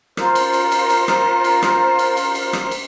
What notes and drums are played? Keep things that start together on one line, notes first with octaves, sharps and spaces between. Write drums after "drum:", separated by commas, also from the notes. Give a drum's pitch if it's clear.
F4 A#4 C5, drum: rim click
drum: cymbal
drum: cymbal
drum: cymbal
drum: cymbal
drum: rim click
drum: cymbal
drum: rim click
drum: cymbal
drum: cymbal
drum: cymbal
drum: rim click
drum: cymbal